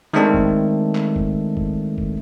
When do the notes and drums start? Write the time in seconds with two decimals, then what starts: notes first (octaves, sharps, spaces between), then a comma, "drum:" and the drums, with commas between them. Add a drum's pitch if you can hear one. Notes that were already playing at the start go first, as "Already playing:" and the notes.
0.14 D#3 G#3 A3 C4 D4 A4
0.34 drum: kick F1
0.95 drum: clap
1.16 drum: kick F1
1.57 drum: kick F1
1.98 drum: kick F1